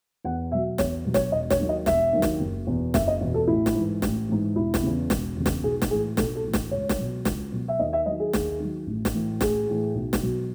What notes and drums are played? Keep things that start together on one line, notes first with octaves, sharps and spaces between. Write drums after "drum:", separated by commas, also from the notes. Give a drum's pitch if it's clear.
E2 F#5
B2 F#3 E5
E2 C#5, drum: snare
B2 F#3
C#5, drum: snare
E1 D#5
C#5, drum: snare
D#2 D#3 F#3
D#5
E1 E5, drum: snare
D#2 D#3 F#3
drum: snare
F#1
E2 B2
F#1 E5, drum: snare
D#5
E2 B2
A4
A1 E4
drum: snare
G#2 E3
A1, drum: snare
G#2 E3
E1 E4
drum: snare
E2 C#3
E1, drum: snare
E2 C#3
drum: snare
B1 G#4
drum: snare
A2 E3 G#4
B1 A4, drum: snare
A4
A2 E3
drum: snare
C#2 C#5
drum: snare
B2 F#3
C#2, drum: snare
B2 F#3
E5
D#2 D#5
E5
D#3 F#3 D#5
G#4
D#2, drum: snare
D#3 F#3
A1
drum: snare
A2 E3
A1 G#4, drum: snare
A2 E3
B1
drum: snare
B2 F#3